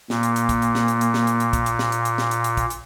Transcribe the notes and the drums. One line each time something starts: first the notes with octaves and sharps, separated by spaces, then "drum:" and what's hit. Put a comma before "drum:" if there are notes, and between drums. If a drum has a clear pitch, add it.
A#2 A#3, drum: snare
drum: hi-hat
drum: hi-hat
drum: kick, hi-hat
drum: hi-hat
drum: snare
drum: hi-hat
drum: hi-hat
drum: snare
drum: hi-hat
drum: hi-hat
drum: kick, hi-hat
drum: hi-hat
drum: snare
drum: hi-hat
drum: hi-hat
drum: snare
drum: hi-hat
drum: hi-hat
drum: kick, hi-hat
drum: hi-hat